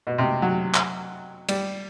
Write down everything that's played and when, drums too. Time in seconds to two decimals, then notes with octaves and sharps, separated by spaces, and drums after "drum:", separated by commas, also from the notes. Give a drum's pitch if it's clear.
0.07 B2
0.18 C3
0.42 F#3
0.74 drum: clap
1.49 G3, drum: cymbal